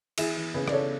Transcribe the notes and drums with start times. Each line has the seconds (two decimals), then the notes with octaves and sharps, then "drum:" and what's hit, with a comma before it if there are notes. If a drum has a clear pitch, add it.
0.18 E3 E4 G#4, drum: cymbal
0.37 E3
0.54 C#3 G#4 B4
0.68 D5, drum: rim click
0.72 C#3 A4 C#5